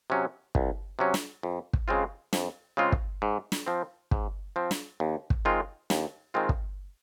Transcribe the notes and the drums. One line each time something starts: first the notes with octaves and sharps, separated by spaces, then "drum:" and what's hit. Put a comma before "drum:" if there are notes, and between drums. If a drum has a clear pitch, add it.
C3 F#3 C#4
C2, drum: kick
C3 F#3 C#4
drum: snare
F2
drum: kick
C#3 G#3 C4 F4
F2, drum: snare
C#3 G#3 C4 F4
drum: kick
G#2
drum: snare
F3 C4
G#2, drum: kick
F3 C4
drum: snare
D#2
drum: kick
D#3 G#3 C4 F4
D#2, drum: snare
D#3 G#3 C4 F4
drum: kick